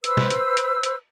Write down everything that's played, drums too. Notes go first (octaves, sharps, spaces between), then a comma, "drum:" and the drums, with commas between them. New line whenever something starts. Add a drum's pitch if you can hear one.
B4 C5 E6, drum: hi-hat
drum: snare
drum: hi-hat
drum: hi-hat
drum: hi-hat